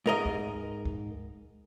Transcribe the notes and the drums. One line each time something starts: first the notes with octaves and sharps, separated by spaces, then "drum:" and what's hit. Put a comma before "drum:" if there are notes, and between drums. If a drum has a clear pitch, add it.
G#2 A#4 D#5
drum: kick C#2
drum: kick C#2